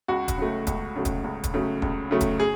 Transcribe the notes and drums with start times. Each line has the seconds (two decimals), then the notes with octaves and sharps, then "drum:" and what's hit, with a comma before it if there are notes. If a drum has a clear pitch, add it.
0.08 C#2 F#4
0.28 drum: kick, hi-hat
0.37 C#3 F#3 A3
0.67 C#2, drum: kick, hi-hat
0.96 C#3 F#3 A3
1.05 drum: kick, hi-hat
1.24 C#2
1.44 drum: kick, hi-hat
1.54 C#3 F#3 A3
1.82 C#2, drum: kick
2.11 C#3 F#3 A3
2.21 drum: kick, hi-hat
2.40 G#4